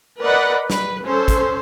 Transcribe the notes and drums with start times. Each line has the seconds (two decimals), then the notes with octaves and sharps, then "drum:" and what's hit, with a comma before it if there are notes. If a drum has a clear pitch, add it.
0.21 A#4 B4 D5 D#5 F#5 B5
0.70 B4, drum: snare
1.05 C#4 A4 C5
1.28 drum: kick, hi-hat